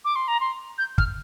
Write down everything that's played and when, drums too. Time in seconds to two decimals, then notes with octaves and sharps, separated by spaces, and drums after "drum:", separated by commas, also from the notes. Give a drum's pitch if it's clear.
0.05 D6
0.16 C6
0.28 A#5
0.40 C6
0.78 G6
0.98 F6, drum: kick